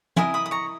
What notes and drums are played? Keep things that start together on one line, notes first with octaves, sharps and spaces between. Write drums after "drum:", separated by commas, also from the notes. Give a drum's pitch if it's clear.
E4 A#4 D#5 G#5 B5, drum: tom
B5 D#6
D#6
A#5 C#6